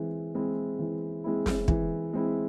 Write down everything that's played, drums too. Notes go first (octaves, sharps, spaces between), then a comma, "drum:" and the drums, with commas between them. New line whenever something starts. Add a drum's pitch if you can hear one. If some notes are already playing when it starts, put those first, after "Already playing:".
Already playing: E3 G#3 C4
G#3 C4 E4
E3
G#3 C4 E4
drum: snare
E3, drum: kick
G#3 C4 E4